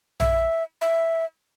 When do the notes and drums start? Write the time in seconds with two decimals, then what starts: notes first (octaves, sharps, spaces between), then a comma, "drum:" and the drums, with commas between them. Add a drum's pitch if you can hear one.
0.20 E5, drum: tom A#1
0.81 E5